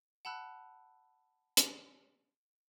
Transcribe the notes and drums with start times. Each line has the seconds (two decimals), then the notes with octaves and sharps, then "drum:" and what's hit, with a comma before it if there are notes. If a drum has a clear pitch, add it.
0.25 F#5 A5 B5 E6 F#6
1.57 drum: hi-hat